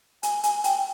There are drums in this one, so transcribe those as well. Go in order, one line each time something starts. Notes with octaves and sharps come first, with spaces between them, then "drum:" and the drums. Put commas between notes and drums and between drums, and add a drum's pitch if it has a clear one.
G#5, drum: hi-hat
G#5, drum: hi-hat
G5, drum: hi-hat